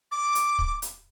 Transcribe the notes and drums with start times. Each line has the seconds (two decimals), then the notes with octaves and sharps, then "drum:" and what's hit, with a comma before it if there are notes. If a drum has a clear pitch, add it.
0.12 D6
0.35 drum: hi-hat
0.59 drum: kick
0.82 drum: hi-hat